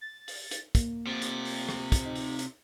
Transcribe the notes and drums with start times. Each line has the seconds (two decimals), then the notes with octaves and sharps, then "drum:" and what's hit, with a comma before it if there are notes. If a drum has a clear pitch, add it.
0.01 A6
0.28 drum: open hi-hat
0.51 drum: hi-hat
0.75 A#3, drum: kick, hi-hat
1.07 C3 F4
1.22 drum: hi-hat
1.45 drum: open hi-hat
1.69 drum: rim click
1.92 drum: kick, hi-hat
2.05 D#4
2.15 drum: open hi-hat
2.39 drum: hi-hat